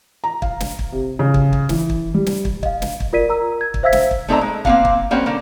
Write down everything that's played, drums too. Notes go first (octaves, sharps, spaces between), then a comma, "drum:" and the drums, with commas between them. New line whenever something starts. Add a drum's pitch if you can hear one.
A#5
F5, drum: kick
drum: snare
drum: kick
C3
C#3
drum: kick
drum: kick
E3, drum: snare
drum: kick
G3
drum: snare
drum: kick
D#5 F5, drum: kick
drum: snare
drum: kick
F4 A#4 D5 B6 D#7
A#4 A#5 E6
G#6
drum: kick
C5 E5 F5 E6 G#6 B6
drum: snare
drum: kick
A3 C4 D#4 A4 D5 A#5
G#3
A#3 C4 D#4 F5 F#5, drum: kick
drum: kick
G3 A#3 C4 C#4 F#5
D3 A#3